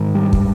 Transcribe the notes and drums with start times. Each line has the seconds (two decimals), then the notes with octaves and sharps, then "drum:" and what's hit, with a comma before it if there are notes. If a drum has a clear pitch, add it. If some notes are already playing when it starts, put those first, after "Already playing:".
Already playing: G#2 D#3
0.15 G3
0.33 drum: kick